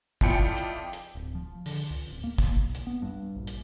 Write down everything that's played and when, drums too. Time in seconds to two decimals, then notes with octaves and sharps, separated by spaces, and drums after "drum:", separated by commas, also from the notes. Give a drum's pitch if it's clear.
0.21 F2 E4 F4 D5 G5 C#7, drum: kick
0.57 drum: hi-hat
0.93 drum: hi-hat
1.15 D1
1.35 F3
1.66 D3, drum: open hi-hat
1.90 C#2
2.10 D1
2.24 A#3
2.38 drum: kick, hi-hat
2.56 B1
2.75 drum: hi-hat
2.87 B3
3.02 G2
3.35 A#1
3.47 drum: hi-hat